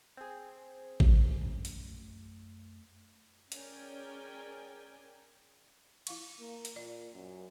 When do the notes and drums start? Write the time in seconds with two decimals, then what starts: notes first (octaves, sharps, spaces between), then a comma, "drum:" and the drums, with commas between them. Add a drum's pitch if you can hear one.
0.17 C4 G#4
1.00 drum: kick A1
1.41 F#2 A3
1.65 drum: hi-hat
3.52 C#4 G#4 A#4 D5 G5 G#5, drum: hi-hat
6.07 E4 F5 C#6, drum: cymbal
6.41 A#3
6.65 drum: hi-hat
6.76 A#2 D5
7.13 F#2